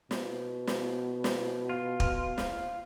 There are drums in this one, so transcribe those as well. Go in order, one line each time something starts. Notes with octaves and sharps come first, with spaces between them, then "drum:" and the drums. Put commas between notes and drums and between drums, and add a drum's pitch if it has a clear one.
B2, drum: snare
drum: snare
drum: snare
F4
drum: kick
drum: snare